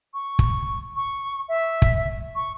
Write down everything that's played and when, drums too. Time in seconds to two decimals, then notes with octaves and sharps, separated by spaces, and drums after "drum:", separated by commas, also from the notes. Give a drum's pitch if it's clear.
0.14 C#6
0.39 drum: kick
0.96 C#6
1.49 E5
1.82 drum: kick
2.35 C#6